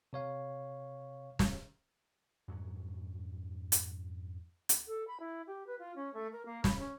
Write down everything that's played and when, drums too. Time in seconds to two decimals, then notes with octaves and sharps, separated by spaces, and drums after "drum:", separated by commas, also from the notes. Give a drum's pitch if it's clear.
0.13 C3 C#5 F5
1.39 drum: snare
2.48 F2 G#2 F#3
3.72 drum: hi-hat
4.69 drum: hi-hat
4.87 A4
5.07 B5
5.20 E4
5.47 G4
5.67 B4
5.79 F4
5.96 C#4
6.14 A3
6.32 A#4
6.45 A#3
6.64 B5, drum: snare
6.80 C#4